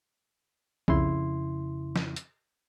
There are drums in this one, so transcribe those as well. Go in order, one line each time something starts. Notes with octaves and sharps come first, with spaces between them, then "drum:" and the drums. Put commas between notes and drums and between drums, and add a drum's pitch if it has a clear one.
F2 C#3 E4 C6, drum: kick B1
drum: snare
drum: hi-hat